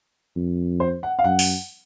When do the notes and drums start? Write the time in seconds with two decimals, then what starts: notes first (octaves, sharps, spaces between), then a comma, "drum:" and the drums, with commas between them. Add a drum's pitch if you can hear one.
0.36 F2
0.80 C5
1.03 F#5
1.19 F5
1.24 F#2 F#5
1.39 drum: open hi-hat